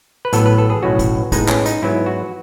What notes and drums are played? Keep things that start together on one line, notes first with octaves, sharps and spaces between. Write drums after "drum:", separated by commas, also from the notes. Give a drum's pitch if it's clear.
B4
A1 A2 F#3 B3 A4, drum: hi-hat
B4
A4
G#4
B1 A2 F#3 C#4 F#4
drum: kick, hi-hat
A2 G#3 B3 D#4, drum: kick, hi-hat
C#4, drum: clap
D#4, drum: hi-hat
G#2 F#3 B3 E4
F#4